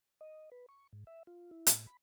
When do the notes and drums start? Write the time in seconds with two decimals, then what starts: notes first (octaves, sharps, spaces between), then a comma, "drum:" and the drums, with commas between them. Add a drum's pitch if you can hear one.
0.21 D#5
0.52 B4
0.69 C#6
0.93 G#2
1.07 E5
1.27 F4
1.51 E4
1.67 A2, drum: hi-hat
1.87 B5